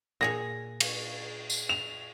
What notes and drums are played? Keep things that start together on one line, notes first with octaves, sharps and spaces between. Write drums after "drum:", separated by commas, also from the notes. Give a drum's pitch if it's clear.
A#2 G#4 C#5 A#6
drum: cymbal
drum: tambourine
F7